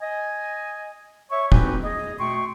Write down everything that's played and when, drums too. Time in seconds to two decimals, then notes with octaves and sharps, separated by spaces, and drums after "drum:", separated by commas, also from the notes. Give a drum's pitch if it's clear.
0.01 D#5 G#5
1.31 C#5 E5 C#6
1.52 C4 D#4 F#4 G4 B4 G#5, drum: kick
1.84 G#4 D#5
2.19 B2 A3 G5 C6 C#6